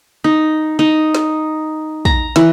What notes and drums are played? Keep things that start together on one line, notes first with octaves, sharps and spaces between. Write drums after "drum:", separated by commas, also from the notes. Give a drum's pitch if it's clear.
D#4
D#4
drum: snare
A#5, drum: kick
E3, drum: snare